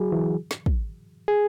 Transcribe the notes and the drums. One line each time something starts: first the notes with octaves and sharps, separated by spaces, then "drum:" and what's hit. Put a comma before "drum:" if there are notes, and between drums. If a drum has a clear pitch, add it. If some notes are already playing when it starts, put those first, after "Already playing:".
Already playing: F#3 F#4 G#4
E3
drum: snare
drum: kick
G#4